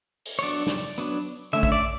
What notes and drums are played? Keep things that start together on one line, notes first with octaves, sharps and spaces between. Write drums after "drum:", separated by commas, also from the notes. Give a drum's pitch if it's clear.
drum: open hi-hat
C#5
F#3 B3 D4 D5, drum: tambourine
drum: snare
F#3 B3 D4, drum: tambourine
D3 A3 C#4 E5
E5, drum: kick A1
D5